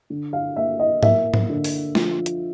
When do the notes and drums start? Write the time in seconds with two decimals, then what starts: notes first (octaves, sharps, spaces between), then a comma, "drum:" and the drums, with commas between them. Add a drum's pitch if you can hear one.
0.10 D3
0.33 F5
0.56 A#3 E5
0.79 D#5
1.03 A#3 E5, drum: tom
1.34 drum: tom
1.49 D3
1.64 drum: open hi-hat
1.95 F3, drum: snare
2.26 drum: hi-hat